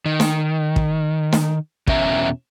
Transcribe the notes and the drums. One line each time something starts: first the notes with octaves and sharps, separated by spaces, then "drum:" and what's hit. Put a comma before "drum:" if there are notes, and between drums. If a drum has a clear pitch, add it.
D#3
drum: snare
drum: kick
drum: snare
E2 B2 C#4 E5 A#5, drum: kick